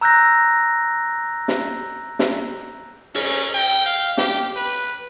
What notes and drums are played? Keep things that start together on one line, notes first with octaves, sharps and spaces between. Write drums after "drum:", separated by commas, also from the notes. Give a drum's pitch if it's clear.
A#5 E6 F#6 G6 A#6
drum: snare
drum: snare
C#4, drum: open hi-hat
G5
F5
G4, drum: snare
B4